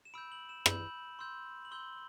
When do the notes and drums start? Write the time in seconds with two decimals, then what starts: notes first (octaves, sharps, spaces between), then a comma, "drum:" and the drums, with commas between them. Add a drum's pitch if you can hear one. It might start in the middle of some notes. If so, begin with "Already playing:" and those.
0.05 E7
0.14 B5 E6 G6 D7
0.32 F#7
0.49 E7
0.66 B5 E6 G6 F#7, drum: rim click
1.19 C6 E6 G6
1.65 F#7
1.71 C6 E6 G6 G7